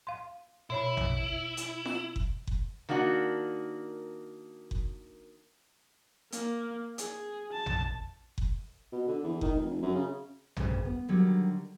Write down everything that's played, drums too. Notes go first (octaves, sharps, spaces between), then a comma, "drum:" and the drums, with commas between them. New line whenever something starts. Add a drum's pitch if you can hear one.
F5 C6
B2 E4 C#5 B5
drum: tom
drum: hi-hat
drum: snare F4
drum: kick F#1
drum: kick F#1
D#3 A#3 D4 F#4
drum: kick F#1
A#3, drum: hi-hat
G#4, drum: hi-hat
A5
drum: tom
drum: kick F#1
B2
D3
E2
D#3, drum: kick F#1
F1
F1
F#2
C#3
D2 G2 C#3, drum: tom
B3
D3 D#3 F#3 G3